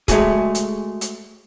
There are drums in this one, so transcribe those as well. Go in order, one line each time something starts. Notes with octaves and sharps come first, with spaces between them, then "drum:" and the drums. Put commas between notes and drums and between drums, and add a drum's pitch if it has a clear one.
G#3 A3 F#4 G#4, drum: kick C#1, hi-hat
drum: hi-hat
drum: hi-hat